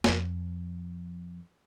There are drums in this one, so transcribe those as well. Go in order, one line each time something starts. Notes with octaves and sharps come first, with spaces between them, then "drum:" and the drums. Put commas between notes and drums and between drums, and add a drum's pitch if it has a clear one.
F2 F3, drum: snare